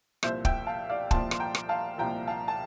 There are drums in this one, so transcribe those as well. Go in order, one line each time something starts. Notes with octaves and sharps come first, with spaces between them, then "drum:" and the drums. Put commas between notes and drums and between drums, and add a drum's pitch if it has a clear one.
C2 A#2 F3 C5 E5, drum: rim click
E5 G5, drum: kick
F5 A5
D5 F5
C2 A#2 F3 A5 C6, drum: kick
C6, drum: rim click
G5 A#5
drum: rim click
F5 A5
C2 A#2 F3 G5 A#5
F5 A5
A5